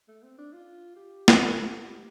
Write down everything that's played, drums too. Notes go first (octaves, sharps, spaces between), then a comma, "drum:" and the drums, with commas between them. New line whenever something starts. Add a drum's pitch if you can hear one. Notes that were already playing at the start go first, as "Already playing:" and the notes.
A3
C4
D4
F4
G4
drum: snare
G4